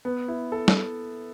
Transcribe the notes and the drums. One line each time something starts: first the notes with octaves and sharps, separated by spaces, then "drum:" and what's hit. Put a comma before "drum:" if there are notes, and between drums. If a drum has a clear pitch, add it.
B3
E4
A4
drum: snare